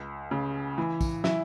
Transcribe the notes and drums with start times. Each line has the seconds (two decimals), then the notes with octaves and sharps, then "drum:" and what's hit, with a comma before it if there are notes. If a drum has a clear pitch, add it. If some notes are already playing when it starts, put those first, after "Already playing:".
Already playing: C#2
0.31 C#3
0.78 E3
1.01 drum: kick, tambourine
1.24 E4, drum: snare